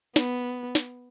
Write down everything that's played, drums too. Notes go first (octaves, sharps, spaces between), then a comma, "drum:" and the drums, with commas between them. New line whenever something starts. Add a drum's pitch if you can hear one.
B3, drum: snare
drum: snare